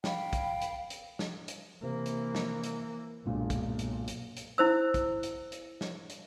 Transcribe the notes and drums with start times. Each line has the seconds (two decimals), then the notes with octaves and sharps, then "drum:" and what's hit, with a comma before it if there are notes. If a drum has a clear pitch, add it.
0.04 F5 G5 B5, drum: snare
0.33 drum: kick, hi-hat
0.62 drum: hi-hat
0.90 drum: hi-hat
1.19 drum: snare
1.48 drum: hi-hat
1.83 C3 E3 A#3
2.06 drum: hi-hat
2.35 drum: snare
2.64 drum: hi-hat
3.26 B1 G2 A#2 G#3
3.50 drum: kick, hi-hat
3.79 drum: hi-hat
4.08 drum: hi-hat
4.37 drum: hi-hat
4.58 E4 C5 E6
4.94 drum: kick, hi-hat
5.23 drum: hi-hat
5.52 drum: hi-hat
5.81 drum: snare
6.10 drum: hi-hat